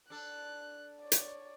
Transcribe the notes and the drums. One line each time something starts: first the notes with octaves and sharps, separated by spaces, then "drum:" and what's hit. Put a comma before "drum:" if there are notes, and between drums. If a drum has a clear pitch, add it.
D4 A4 F#6
C#5 D5
drum: hi-hat